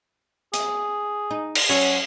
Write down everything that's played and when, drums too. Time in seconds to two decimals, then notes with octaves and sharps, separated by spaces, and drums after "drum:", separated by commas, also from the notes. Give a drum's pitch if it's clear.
0.54 G#4, drum: hi-hat
1.31 D#4
1.55 drum: cymbal
1.70 F#3 C#4